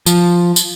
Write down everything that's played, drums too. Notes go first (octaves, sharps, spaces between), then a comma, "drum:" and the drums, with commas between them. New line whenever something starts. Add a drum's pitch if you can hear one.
F3, drum: tambourine
drum: tambourine